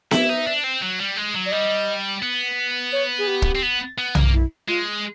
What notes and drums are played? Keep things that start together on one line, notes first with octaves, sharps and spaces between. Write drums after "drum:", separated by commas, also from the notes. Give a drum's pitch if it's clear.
E4 E5, drum: snare B3
D#4
D4
C4
F#3
G3
G#3
F#3
D5
G3 D#5
B3
C#5
G#4
G4
drum: kick
C4
B3
B3
A#3, drum: tom B1
E4
G#3 F4